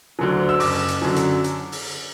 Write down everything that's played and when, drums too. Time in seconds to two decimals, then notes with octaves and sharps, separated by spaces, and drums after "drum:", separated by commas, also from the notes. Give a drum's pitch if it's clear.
0.19 D2 D3 F#3
0.49 E6
0.60 F#1 D6, drum: open hi-hat
0.88 drum: hi-hat
1.02 F#2 D3 F#3
1.16 drum: hi-hat
1.44 drum: hi-hat
1.72 drum: open hi-hat